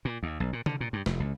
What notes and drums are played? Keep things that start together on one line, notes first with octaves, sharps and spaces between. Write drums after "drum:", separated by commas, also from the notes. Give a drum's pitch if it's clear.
A#2
D#2
B1
A#2
D3, drum: tom C3
A#2
G2
F1, drum: snare
C#2